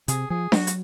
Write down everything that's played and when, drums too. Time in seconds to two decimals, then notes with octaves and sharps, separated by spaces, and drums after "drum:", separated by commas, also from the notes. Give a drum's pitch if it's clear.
0.08 C3 G#4, drum: hi-hat
0.30 F3 G#4
0.52 F#3 F#4, drum: snare D4
0.67 drum: hi-hat